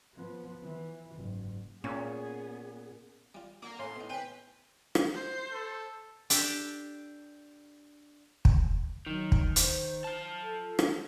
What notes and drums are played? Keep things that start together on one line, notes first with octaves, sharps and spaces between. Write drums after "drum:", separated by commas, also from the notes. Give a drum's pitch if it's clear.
F3 B3
E3
F#1 G#2
A#2 B3 C#4 G#4
G3 F4
A#3 D4 F#4 A4
A2 C#4 F5 C6
B2 D#4
C#3 C4 C#4 B4 G5
drum: rim click
C5
A4
D4 G4 A4 D5, drum: hi-hat
drum: kick
D#3 F#3
drum: kick
C5, drum: hi-hat
F4 A5
A4
drum: rim click